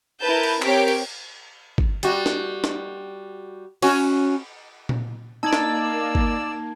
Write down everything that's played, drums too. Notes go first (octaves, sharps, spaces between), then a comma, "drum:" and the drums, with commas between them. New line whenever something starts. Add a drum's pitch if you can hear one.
E4 A#4 B4 A5 G6
drum: cymbal
C4 G4 A#4 C#5 B6 D7, drum: clap
drum: cymbal
drum: kick
G3 F#4, drum: hi-hat
drum: snare
drum: snare
C#4 F#4, drum: cymbal
drum: tom A#2
A#3 D#4 D5 A5 E6 G#6
drum: snare
drum: kick